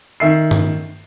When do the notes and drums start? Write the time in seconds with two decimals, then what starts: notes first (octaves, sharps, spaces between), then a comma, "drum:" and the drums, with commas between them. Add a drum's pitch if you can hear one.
0.20 D#3 E5 C7
0.51 drum: tom G2